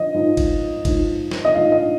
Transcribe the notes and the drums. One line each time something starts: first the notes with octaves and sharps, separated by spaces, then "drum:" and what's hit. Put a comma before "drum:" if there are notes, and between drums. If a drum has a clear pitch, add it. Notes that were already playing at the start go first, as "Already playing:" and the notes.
Already playing: F3 D#5
G#2 F3
drum: kick G1, cymbal
G#2 F3, drum: kick G1, cymbal
drum: snare
D#5
G#2 F3 F5
D#5